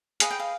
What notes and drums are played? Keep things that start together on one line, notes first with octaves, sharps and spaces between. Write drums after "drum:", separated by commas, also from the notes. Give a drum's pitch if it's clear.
G#4 B4 D#5 F5, drum: hi-hat
G5
F5